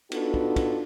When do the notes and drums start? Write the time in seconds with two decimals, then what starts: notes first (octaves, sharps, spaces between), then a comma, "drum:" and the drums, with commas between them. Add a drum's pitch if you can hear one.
0.12 B3 D4 D#4 F4 F#4 A4, drum: cymbal
0.34 drum: kick
0.56 drum: kick, cymbal